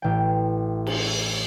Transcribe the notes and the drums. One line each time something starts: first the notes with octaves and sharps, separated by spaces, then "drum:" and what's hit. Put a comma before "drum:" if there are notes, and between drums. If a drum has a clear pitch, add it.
A1 G5
drum: cymbal